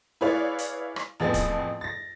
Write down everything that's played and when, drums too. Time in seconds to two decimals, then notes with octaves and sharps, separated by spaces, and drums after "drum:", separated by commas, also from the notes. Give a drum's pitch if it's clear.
0.21 E4 G#4 B4 C#5 D5 F5
0.59 drum: hi-hat
0.96 drum: rim click
1.20 A1 F2 F3 B3 G#4 A6
1.34 drum: kick, hi-hat
1.81 A6 A#6